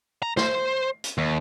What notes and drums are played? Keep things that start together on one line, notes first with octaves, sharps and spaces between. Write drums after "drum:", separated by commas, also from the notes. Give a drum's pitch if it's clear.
A#5
C5, drum: snare
drum: hi-hat
D#2